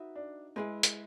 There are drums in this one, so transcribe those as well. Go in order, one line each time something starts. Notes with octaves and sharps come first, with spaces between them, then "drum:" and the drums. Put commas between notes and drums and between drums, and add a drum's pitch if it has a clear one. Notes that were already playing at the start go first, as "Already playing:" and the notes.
Already playing: D#4 F#4 B4 E5
D4
G#3 E4 G#4 B4
drum: hi-hat